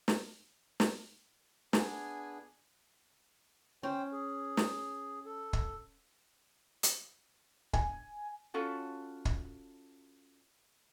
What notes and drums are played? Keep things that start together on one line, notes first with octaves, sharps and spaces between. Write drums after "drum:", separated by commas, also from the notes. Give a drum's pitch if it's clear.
drum: snare
drum: snare
B3 D4 G#4 G#5, drum: snare
C#4 C5 G5
G#4
drum: snare
A4
drum: kick
drum: hi-hat
G#5, drum: kick
C#4 F4 F#4 A4
drum: kick